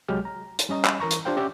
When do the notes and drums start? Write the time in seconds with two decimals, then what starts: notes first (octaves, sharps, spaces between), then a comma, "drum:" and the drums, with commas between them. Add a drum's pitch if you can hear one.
0.08 C2 F#3 G#3 G4 F6
0.25 A#5
0.59 drum: hi-hat
0.69 G3 C#4 D#5 A#5
0.85 drum: clap
1.00 E3 A#4 A#5 C#6
1.11 drum: hi-hat
1.25 D4 F4 G4 C5 F5 G5
1.37 C#4 G4 D5 E5 F#5 D6